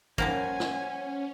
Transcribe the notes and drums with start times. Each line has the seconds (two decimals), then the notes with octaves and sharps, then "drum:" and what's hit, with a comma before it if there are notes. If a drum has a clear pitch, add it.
0.18 F3 G3 A#3 C#4 C5 F#5 G#5, drum: kick
0.60 drum: snare